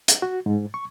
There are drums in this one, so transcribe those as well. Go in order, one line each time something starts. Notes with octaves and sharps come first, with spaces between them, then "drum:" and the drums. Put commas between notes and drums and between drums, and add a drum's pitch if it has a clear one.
drum: hi-hat
F#4
G#2
C#6